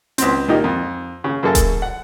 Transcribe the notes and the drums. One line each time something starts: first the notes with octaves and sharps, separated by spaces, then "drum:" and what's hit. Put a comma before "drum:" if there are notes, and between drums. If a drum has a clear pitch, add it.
C#2 C4, drum: hi-hat
A#2 D#3 D#4 G4
F2
C#3
F#2 A#3 G#4 A4
drum: kick D#1, hi-hat
F#5